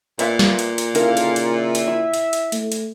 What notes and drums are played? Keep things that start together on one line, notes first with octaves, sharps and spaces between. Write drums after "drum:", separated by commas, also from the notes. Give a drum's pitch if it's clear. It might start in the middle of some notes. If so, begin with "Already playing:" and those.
A#2 B3 E5 F5, drum: hi-hat
drum: snare
drum: hi-hat
drum: hi-hat
C#3 D#4 E4 G4 A4 A#4 F5, drum: hi-hat
drum: hi-hat
drum: hi-hat
E5
drum: hi-hat
E4
drum: hi-hat
drum: hi-hat
A3, drum: hi-hat
drum: hi-hat